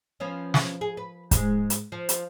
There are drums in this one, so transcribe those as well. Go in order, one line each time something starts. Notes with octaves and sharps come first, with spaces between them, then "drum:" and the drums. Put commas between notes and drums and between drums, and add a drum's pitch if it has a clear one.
F3 B3 C#4
drum: snare
G#4
B4
G#2 G#3, drum: kick, hi-hat
drum: hi-hat
F3
drum: hi-hat